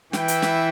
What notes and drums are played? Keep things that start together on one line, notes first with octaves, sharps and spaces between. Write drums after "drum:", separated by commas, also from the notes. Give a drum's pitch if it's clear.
E3 E4 B4 E5 G5, drum: snare
drum: hi-hat
drum: snare